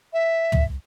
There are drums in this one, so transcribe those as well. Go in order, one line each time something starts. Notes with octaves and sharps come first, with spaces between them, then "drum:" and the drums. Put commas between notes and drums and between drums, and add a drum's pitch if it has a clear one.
E5
drum: tom